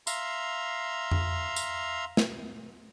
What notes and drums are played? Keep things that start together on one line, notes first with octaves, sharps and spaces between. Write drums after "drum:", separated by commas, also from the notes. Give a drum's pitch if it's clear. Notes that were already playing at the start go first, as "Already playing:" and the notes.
E5 F5 A#5 C6, drum: tambourine
drum: tom F2
drum: tambourine
drum: snare